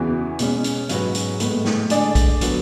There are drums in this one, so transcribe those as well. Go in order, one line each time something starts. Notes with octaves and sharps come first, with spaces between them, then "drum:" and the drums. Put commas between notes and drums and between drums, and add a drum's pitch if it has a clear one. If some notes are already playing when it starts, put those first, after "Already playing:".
Already playing: E2 C#3 E3 B3 F#4
B2 G#3 C#4, drum: hi-hat
drum: hi-hat
G#2 F#3 C#4 F#4 B4, drum: hi-hat
drum: hi-hat
A2 G#3 B3, drum: hi-hat
drum: snare
D3 G#3 D4 G#4 D5, drum: hi-hat
drum: kick, hi-hat
D3 F#3 B3, drum: hi-hat